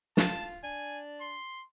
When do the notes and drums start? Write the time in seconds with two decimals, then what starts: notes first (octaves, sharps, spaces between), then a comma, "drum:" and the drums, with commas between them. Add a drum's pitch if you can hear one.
0.17 F4 A5, drum: snare
0.64 D4 G#5
1.21 C6